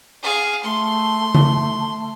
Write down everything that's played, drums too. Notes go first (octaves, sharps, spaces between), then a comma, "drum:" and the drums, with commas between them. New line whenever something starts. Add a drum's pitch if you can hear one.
G#4 F5
A3 C6
drum: tom C#3